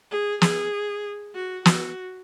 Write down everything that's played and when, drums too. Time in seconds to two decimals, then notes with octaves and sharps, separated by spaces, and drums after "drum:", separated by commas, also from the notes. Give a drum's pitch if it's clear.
0.11 G#4
0.41 G#4, drum: snare
1.35 F#4
1.65 F#4, drum: snare